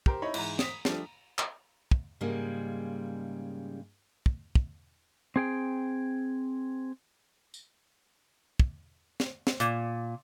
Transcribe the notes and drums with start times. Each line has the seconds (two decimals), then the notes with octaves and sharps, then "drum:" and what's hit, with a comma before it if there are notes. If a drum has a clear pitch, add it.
0.06 G4 A#4 C5, drum: kick
0.22 D#4 E4 C#5 B5
0.34 G#2 E3 A#5, drum: cymbal
0.59 D#6 B6, drum: snare
0.85 F3 G3 A3 D4, drum: snare
1.38 drum: clap
1.91 drum: kick
2.21 G#2 C#3 G3 G#3 A#3
4.26 drum: kick
4.55 drum: kick
5.36 C4 G#4 G5
7.54 drum: tambourine
8.60 drum: kick
9.20 drum: snare
9.47 drum: snare
9.60 A#2, drum: hi-hat